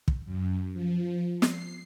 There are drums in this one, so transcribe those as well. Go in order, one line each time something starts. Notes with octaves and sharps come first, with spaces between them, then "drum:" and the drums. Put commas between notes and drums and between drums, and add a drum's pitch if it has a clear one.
drum: kick
F#2
F3
C7, drum: snare